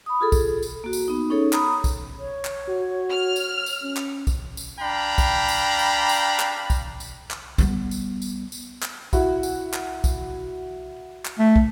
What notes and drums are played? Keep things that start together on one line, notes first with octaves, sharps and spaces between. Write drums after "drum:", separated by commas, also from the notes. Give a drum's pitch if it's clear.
B5 D#6
F4 G#4 A4
drum: kick, tambourine
drum: tambourine
A#3 F#4
drum: tambourine
B3 D#4
C#4 D#4 G#4 A4 C#5
A#5 B5 D#6, drum: clap
drum: kick, tambourine
C#5
drum: clap
F#4
F6
drum: tambourine
drum: tambourine
C#4
drum: clap
drum: kick, tambourine
drum: tambourine
D4 F5 G5 A#5 B5
drum: kick, tambourine
drum: tambourine
drum: tambourine
drum: tambourine
drum: clap
drum: kick, tambourine
drum: tambourine
drum: clap
G3 B3, drum: kick, tambourine
drum: tambourine
drum: tambourine
drum: tambourine
drum: clap
E4 F#4, drum: kick, tambourine
drum: tambourine
drum: clap
drum: kick, tambourine
drum: clap
A3
drum: kick